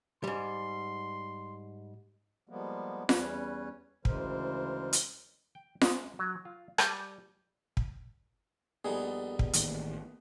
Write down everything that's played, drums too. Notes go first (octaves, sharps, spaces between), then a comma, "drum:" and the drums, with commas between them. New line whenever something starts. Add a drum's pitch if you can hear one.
G#2 G3 C6
F3 G3 G#3 A#3 B3
E2 G3 C#4 B4 C#5, drum: snare F4
D2 C#3 E3 G#3 A#4 C5, drum: kick
drum: hi-hat
G5
G#3, drum: snare F4
F#3
F4
G3, drum: rim click
drum: kick
A#1 G3 B3 D#4 G#4 A4
drum: kick
A1 D#3 A#3, drum: hi-hat